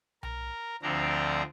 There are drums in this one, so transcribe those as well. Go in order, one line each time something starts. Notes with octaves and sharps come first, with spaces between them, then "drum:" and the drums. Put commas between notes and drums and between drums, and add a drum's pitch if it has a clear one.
A#4, drum: tom B1
D2 D3 F3 C4 D4 A#5